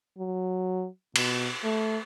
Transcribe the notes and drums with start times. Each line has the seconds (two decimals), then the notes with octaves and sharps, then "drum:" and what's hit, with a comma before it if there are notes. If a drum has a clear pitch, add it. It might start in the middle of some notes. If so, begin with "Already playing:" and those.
0.18 F#3
1.16 B2, drum: cymbal
1.64 A3